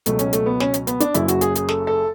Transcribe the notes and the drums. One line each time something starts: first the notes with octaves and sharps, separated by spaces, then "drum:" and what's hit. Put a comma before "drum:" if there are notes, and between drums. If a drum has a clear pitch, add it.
C#2 B2 F#3 A3, drum: hi-hat
C#4, drum: hi-hat
A3, drum: hi-hat
B3
C#4, drum: snare
drum: hi-hat
B3, drum: hi-hat
D4, drum: hi-hat
F#1 F#2 C#3 F#3 E4, drum: hi-hat
F#4, drum: hi-hat
G#4, drum: hi-hat
G#4, drum: hi-hat
A4, drum: snare
A4